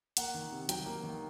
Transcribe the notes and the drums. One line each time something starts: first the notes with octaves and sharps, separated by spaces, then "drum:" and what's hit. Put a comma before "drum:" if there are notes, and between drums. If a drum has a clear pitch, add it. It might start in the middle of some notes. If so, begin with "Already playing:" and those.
A#3 F#5, drum: hi-hat
D#3
C3
F#3 G5, drum: hi-hat
A#3
D#3